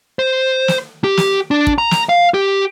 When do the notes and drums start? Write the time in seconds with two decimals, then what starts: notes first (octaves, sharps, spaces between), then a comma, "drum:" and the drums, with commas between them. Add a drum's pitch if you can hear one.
0.19 C5
0.68 drum: snare
1.04 G4
1.17 drum: snare
1.51 D4
1.67 drum: kick
1.78 A#5
1.91 drum: snare
2.09 F5
2.34 G4